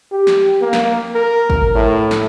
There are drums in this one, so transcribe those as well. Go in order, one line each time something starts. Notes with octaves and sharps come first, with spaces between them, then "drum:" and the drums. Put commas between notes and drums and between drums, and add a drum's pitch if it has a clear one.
G4
drum: snare
A#3
drum: snare
A#4
drum: kick G#1
A2
drum: snare